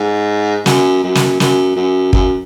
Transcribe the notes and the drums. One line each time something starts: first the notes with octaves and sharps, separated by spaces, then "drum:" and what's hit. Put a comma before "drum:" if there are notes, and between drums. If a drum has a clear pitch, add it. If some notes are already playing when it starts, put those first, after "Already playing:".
Already playing: G#2
F#2, drum: snare
F#2
drum: snare
F#2, drum: snare
F#2
F#2, drum: kick